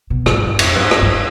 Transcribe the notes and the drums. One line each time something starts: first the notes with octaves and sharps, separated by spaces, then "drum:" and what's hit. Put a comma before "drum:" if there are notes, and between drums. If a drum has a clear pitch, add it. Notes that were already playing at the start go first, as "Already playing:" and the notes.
B2
G#2, drum: rim click
G2
F2, drum: cymbal
G2
G#2
G2, drum: rim click
G2